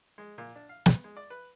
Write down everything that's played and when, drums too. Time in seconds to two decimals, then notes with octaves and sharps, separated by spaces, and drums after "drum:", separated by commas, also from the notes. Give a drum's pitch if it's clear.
0.18 G#3
0.38 A#2
0.56 D4
0.69 F5
0.86 B3, drum: snare
1.04 G#3
1.17 D5
1.30 B4